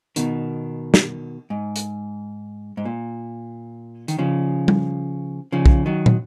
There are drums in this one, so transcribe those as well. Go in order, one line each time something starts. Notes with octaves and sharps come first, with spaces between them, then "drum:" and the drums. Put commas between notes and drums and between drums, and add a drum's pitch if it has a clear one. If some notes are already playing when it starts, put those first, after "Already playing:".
B2 D#3, drum: hi-hat
drum: snare
G#2
drum: hi-hat
G#2
A#2
D#3, drum: hi-hat
C#3 F3
drum: tom G3
C#3 F3
drum: kick B1
D#3 F#3
drum: tom